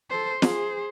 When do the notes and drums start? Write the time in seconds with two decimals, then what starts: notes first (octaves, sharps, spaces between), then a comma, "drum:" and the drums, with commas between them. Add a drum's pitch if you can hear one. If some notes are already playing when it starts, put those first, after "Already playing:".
0.10 A4 C5
0.42 G#4 C5, drum: snare